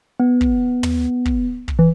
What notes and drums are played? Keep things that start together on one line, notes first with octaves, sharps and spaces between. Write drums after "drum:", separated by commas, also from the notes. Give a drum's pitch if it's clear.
B3
drum: kick
drum: tom
drum: kick
drum: kick
E3